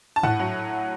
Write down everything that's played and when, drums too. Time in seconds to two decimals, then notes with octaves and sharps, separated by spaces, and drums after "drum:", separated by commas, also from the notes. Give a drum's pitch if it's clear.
0.16 A5
0.23 A2 F#5, drum: tom G#2
0.40 F#3